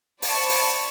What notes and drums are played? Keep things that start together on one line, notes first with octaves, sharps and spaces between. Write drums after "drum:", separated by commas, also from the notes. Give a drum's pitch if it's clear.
C5 D5 A5 B5 C#6, drum: open hi-hat
drum: open hi-hat